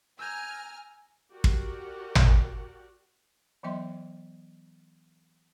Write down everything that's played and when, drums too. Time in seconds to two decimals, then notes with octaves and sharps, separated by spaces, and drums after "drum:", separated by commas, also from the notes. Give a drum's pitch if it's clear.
0.19 G#5 A#5 E6 F6 G6 G#6
1.32 F#4 G4 A#4 D5 F#5
1.44 drum: kick
2.15 drum: tom
3.63 E3 F#3 B3 D#5 E5 C6